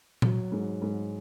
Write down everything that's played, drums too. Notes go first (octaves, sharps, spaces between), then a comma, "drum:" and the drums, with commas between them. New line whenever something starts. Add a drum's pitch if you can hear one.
F#3, drum: tom A#2
G#2
G#2